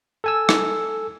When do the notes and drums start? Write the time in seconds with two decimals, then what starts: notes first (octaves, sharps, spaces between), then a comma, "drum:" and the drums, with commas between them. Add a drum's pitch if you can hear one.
0.24 A4 G#5 E6
0.49 drum: rim click